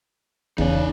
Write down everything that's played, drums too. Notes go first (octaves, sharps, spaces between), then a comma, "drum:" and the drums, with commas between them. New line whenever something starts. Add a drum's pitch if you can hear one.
E2 C#3 D#4 D5, drum: kick D#1